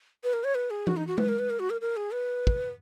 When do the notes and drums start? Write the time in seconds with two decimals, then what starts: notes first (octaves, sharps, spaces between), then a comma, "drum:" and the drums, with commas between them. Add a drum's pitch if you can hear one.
0.24 B4
0.33 A#4
0.44 C#5
0.55 B4
0.70 G#4
0.87 F#4, drum: tom E3
0.97 D#4
1.07 F#4
1.18 B4, drum: tom G#3
1.29 A#4
1.39 B4
1.50 A#4
1.60 F#4
1.70 A#4
1.81 A#4
1.97 G#4
2.13 B4
2.47 drum: kick